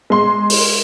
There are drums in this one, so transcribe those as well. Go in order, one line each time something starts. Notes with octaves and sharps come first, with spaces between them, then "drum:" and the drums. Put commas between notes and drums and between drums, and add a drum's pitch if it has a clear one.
G#3 C6
drum: open hi-hat